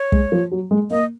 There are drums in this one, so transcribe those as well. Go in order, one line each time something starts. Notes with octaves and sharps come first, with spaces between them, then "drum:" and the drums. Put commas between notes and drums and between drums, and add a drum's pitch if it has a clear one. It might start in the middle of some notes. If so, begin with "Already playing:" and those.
Already playing: C#5
G#3, drum: kick
F3
F#3
G#3
A#3 D#5